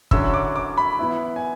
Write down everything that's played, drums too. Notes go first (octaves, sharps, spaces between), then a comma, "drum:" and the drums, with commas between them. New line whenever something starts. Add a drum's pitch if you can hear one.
D3 F#3 C#4 E4 E6, drum: kick
D6
D6
B5
E3 B3 E4
G#5